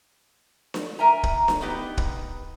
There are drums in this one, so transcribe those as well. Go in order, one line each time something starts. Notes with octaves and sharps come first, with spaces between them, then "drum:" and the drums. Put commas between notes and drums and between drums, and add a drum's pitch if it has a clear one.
drum: snare D4
A#4 E5 G#5 A#5
drum: kick
drum: snare D4
D#3 B3 D#4 G4 B4
drum: kick